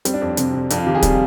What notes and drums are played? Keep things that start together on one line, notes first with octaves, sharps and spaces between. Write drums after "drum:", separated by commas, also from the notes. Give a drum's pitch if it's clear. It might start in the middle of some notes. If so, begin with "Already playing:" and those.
G3 C4, drum: hi-hat
D4
F2 C4
D4
C3 C4, drum: hi-hat
C3
F2 D4, drum: hi-hat
F4
D#3 G4
G#4
G3, drum: kick, hi-hat